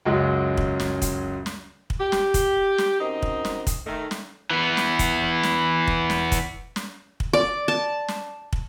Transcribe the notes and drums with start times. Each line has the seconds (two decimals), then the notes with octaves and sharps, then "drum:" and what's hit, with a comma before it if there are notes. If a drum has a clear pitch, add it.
0.05 C#2 F#2 F#3 G#3
0.57 drum: kick
0.80 drum: snare
1.02 drum: kick, hi-hat
1.46 drum: snare
1.90 drum: kick
2.00 G4
2.12 drum: snare
2.34 drum: kick, hi-hat
2.78 drum: snare
3.00 F#2 C4 D#4 D#5
3.22 drum: kick
3.45 drum: snare
3.67 drum: kick, hi-hat
3.87 D#3 A3
4.11 drum: snare
4.50 E3 B3
4.77 drum: snare
4.99 drum: kick, hi-hat
5.43 drum: snare
5.88 drum: kick
6.10 drum: snare
6.32 drum: kick, hi-hat
6.76 drum: snare
7.20 drum: kick
7.33 D5
7.68 A5
8.08 drum: snare
8.53 drum: kick